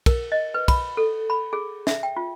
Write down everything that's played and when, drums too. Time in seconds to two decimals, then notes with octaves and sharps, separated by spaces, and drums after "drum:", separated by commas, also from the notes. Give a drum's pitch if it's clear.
0.06 A#4, drum: kick, cymbal
0.32 D#5
0.54 B4
0.68 B5, drum: kick, cymbal
0.97 A4
1.30 B5
1.53 G#4
1.87 E5, drum: snare
2.03 G5
2.17 F4